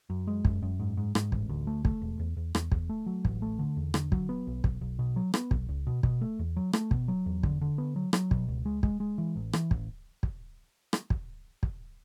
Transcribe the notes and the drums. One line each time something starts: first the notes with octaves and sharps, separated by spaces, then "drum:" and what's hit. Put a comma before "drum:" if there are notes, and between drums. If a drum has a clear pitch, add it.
F#2
G#3
F#2, drum: kick
F#2
G#2
G#2
G#2, drum: rim click
A1, drum: kick
D2
A3
A3, drum: kick
E1
E2
E2
E2, drum: rim click
E2, drum: kick
A3
F#3
A1, drum: kick
A3
D3
E2
D3, drum: rim click
F#3, drum: kick
B3
B1
B1, drum: kick
B1
B2
F#3
B3, drum: rim click
B1, drum: kick
C#2
B2
B2, drum: kick
A3
E2
F#3
A3, drum: rim click
B2, drum: kick
F#3
E2
D3, drum: kick
D3
B3
F#3
F#3, drum: rim click
B2, drum: kick
C#2
G#3
G#3, drum: kick
G#3
E3
A1
E3, drum: rim click
A1, drum: kick
drum: kick
drum: rim click
drum: kick
drum: kick